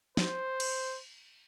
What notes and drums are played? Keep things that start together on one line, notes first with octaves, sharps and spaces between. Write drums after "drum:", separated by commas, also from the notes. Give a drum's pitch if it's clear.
C5, drum: snare
drum: cymbal